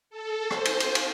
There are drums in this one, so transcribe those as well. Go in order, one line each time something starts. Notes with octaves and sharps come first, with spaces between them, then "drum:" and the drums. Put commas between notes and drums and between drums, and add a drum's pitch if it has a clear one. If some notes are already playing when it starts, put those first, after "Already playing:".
A4
C5, drum: rim click
drum: cymbal
drum: cymbal
drum: cymbal